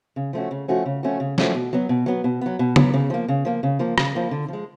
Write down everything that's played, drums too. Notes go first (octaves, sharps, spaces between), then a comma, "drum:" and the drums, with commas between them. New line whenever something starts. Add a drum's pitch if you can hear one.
C#3
F3 A3 C#4 F#4
C#3
F3 A3 C#4 F#4
C#3
F3 A3 C#4 F#4
C#3
F3 A3 C#4 F#4, drum: snare
B2
F#3 B3
B2
F#3 B3
B2
F#3 B3
B2
F#3 B3, drum: tom C#3
C#3
F3 A#3
C#3
F3 A#3
C#3
F3 A#3
C#3, drum: rim click
F3 A#3
D3
F3 G#3